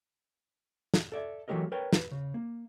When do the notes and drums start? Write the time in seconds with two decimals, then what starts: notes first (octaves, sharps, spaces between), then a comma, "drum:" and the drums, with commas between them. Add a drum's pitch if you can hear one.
0.94 drum: snare
1.12 A4 D5 E5
1.48 E3 F#3 A3 G4 A#4 D#5
1.72 A#4 B4 C#5 G5
1.93 B4, drum: snare
2.11 C#3
2.34 A#3